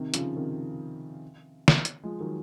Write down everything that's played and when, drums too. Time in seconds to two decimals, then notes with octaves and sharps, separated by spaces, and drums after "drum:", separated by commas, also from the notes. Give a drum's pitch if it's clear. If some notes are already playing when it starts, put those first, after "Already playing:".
Already playing: C3 D#3
0.14 C#3 F3, drum: hi-hat
0.36 C3 D#3
1.68 drum: snare
1.85 drum: hi-hat
2.03 F3 G#3
2.20 D#3 F#3